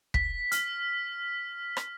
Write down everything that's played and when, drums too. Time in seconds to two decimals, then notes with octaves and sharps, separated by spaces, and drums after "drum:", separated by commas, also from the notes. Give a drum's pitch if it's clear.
0.14 B6, drum: kick
0.52 F6, drum: hi-hat
1.77 drum: rim click